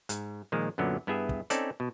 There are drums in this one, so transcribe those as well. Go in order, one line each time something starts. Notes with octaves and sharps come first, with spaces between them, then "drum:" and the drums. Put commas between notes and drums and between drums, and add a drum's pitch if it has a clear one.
G#2, drum: hi-hat
A#2 D#3 F3 G#3
F#2 A#2 D3 F#3 B3
G2 B3 E4 G#4 E5
drum: kick
C4 C#4 D#4 A4 D5, drum: hi-hat
B2